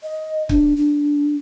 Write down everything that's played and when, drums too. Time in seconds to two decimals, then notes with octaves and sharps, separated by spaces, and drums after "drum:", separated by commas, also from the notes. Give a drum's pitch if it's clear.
0.03 D#5
0.49 D4, drum: kick
0.77 D4